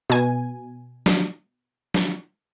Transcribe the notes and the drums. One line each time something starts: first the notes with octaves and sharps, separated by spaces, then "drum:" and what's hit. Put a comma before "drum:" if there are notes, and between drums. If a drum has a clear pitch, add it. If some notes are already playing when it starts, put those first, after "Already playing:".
B2 G#5
drum: snare
drum: snare